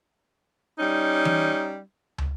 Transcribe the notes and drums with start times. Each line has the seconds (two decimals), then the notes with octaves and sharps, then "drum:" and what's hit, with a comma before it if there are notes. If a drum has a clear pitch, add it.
0.79 G3 C#4 D#4
1.25 drum: tom E3
2.18 drum: tom